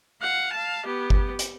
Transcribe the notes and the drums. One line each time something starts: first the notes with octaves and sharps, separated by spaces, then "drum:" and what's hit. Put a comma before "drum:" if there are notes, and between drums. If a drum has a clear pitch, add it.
F5 F#5
F5 A5
B3 G4
drum: kick G1
drum: hi-hat